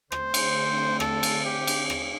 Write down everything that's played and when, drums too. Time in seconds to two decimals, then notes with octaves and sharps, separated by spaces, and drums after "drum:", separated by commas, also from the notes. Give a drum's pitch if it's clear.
0.12 D3 A3 C4 C5, drum: rim click
0.34 drum: cymbal
1.00 A4, drum: rim click
1.23 drum: cymbal
1.45 G4
1.67 drum: cymbal
1.90 drum: rim click